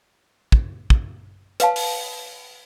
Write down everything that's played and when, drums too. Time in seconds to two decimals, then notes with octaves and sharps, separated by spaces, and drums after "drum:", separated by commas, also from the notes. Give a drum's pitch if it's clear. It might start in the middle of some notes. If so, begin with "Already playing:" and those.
0.52 drum: kick
0.90 drum: kick
1.60 B4 F5 A5, drum: hi-hat
1.76 drum: open hi-hat